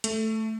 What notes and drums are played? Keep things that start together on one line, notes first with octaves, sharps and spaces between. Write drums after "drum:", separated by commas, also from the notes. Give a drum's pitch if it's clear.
A3, drum: hi-hat